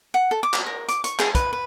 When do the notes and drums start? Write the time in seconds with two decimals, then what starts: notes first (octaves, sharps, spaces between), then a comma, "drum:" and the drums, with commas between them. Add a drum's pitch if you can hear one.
0.14 F#5
0.31 A4
0.43 D6
0.54 drum: clap
0.66 A#4
0.89 D6, drum: hi-hat
1.04 C#6, drum: hi-hat
1.19 G#4, drum: clap
1.35 B4, drum: kick, hi-hat
1.53 B4